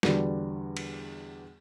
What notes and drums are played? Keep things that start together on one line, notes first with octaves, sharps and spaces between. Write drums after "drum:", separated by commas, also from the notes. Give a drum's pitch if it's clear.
E2 D3 G3 B3 F#4, drum: snare
drum: cymbal